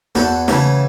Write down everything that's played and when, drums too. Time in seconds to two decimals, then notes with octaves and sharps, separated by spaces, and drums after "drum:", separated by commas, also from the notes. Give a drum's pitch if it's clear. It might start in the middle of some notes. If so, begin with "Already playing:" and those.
0.15 E2 F#4 A4, drum: snare
0.48 C#3 E3 A3, drum: snare